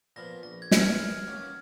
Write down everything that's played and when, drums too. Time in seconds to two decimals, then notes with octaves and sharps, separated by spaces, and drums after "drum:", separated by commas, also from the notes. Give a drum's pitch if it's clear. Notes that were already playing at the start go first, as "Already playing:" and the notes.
0.16 A#2 F3 B3 F4 A#6
0.43 A#1 A#6
0.62 G#6
0.71 A#2 F3 B3 F4, drum: snare
0.81 F6
0.99 D#2 F6
1.27 D#3 A#3 C#4 F#4